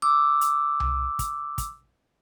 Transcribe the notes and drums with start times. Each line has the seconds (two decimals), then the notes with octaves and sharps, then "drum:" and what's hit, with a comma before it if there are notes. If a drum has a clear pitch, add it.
0.02 D6 E6
0.41 drum: hi-hat
0.80 drum: tom C2
1.19 drum: kick, hi-hat
1.58 drum: kick, hi-hat